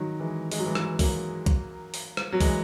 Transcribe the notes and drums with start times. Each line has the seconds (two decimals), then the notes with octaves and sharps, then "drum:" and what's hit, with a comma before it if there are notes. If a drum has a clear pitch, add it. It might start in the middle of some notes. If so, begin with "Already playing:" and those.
Already playing: D#3 F#3
0.20 E3 G#3
0.52 G#3, drum: open hi-hat
0.59 F#3
0.66 E3 G#3
0.75 drum: rim click
0.99 F#3 A#3, drum: kick, open hi-hat
1.46 drum: kick, hi-hat
1.94 drum: open hi-hat
2.17 drum: rim click
2.32 F#3
2.40 E3 G#3, drum: kick, open hi-hat